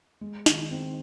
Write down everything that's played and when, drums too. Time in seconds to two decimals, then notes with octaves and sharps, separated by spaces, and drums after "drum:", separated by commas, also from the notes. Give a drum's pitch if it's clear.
0.21 G#3
0.46 D#3, drum: snare
0.71 C4